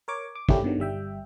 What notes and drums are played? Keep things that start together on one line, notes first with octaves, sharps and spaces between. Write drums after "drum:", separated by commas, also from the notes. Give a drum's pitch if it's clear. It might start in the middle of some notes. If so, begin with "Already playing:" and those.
A#4 C#5 D6
D6
G3 A3 A#3 C#4 E4 G4, drum: kick
B2 D3 D#3 F#3
G1 G3 E5 G5